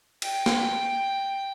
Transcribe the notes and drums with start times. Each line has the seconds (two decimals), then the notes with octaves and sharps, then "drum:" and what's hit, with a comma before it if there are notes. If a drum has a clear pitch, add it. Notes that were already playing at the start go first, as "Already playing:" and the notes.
0.22 G5, drum: cymbal
0.46 drum: snare